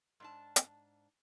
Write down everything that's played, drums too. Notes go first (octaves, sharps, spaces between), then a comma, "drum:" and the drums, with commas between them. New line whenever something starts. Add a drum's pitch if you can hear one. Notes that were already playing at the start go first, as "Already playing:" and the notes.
G#2 D4 A5
drum: hi-hat